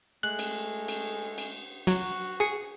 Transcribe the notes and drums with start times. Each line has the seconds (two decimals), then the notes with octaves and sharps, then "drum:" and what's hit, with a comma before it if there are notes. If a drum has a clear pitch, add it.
0.23 G#3 A3 F#6
0.39 drum: cymbal
0.88 drum: cymbal
1.38 drum: cymbal
1.87 F#3 F#4, drum: cymbal
2.40 G#4 C#7